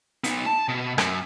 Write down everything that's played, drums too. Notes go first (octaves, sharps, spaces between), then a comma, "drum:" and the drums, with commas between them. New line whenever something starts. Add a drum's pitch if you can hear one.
B3 D#4, drum: hi-hat
A5
B2
F#2, drum: rim click